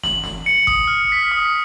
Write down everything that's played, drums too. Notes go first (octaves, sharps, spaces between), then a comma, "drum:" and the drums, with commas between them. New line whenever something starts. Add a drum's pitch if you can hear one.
F#7, drum: snare
drum: snare
C#7
D#6, drum: kick G#1
F6
B6
D#6